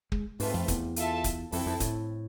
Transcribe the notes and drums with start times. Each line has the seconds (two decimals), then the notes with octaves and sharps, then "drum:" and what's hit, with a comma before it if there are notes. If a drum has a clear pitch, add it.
0.12 G#3, drum: kick
0.40 G#2 A3 C4 F4 B4, drum: open hi-hat
0.54 F2
0.68 E2, drum: kick, hi-hat
0.96 F4 A4 E5 A5, drum: hi-hat
1.24 drum: kick, hi-hat
1.52 F2 C4 E4 A4, drum: open hi-hat
1.66 F2
1.80 A2, drum: kick, hi-hat